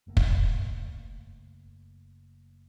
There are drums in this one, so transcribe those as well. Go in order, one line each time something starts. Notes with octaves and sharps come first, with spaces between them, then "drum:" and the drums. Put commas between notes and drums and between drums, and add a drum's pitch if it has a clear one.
F#1 A3 A#3
drum: kick